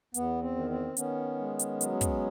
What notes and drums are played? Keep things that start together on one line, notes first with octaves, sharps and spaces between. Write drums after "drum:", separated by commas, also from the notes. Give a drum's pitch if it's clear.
E2 B3, drum: hi-hat
C4
D#3
C4
D#3 B3 C#4, drum: hi-hat
G#3
drum: hi-hat
F#3, drum: hi-hat
drum: kick, hi-hat